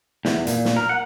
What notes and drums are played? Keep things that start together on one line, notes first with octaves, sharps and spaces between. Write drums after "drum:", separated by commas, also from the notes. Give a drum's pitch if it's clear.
E2, drum: snare
A#2, drum: hi-hat
drum: snare
A#4
F#5